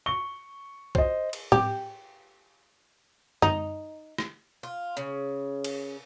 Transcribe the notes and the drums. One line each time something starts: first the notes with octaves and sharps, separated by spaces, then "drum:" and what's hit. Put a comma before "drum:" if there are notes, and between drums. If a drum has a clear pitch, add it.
C#6 G7
C5 D#5, drum: kick B1
drum: cymbal
G4, drum: tom A2
D#4, drum: tom F#2
drum: rim click
F4
C#3
drum: cymbal